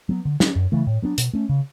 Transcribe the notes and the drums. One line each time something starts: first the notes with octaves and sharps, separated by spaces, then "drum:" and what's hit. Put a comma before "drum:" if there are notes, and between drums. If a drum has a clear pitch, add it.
F#3 B3
D3
F#3 C#4, drum: snare
F#2
C#3 E3 A3
A2
F#3 B3 D4
B2, drum: hi-hat
A3 C#4
C#3